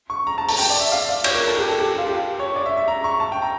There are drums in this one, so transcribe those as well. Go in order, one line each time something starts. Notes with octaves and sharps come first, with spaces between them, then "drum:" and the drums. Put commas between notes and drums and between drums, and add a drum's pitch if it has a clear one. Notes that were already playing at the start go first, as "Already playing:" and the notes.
C#6
A#5
A5
A5, drum: open hi-hat
G5
D5
E5
F5
D5
C#5, drum: cymbal
A#4
A4
G4
A4
G4
F4
G4
C#5
D5
E5
E5
A#5
C#6
A5
G5
A#5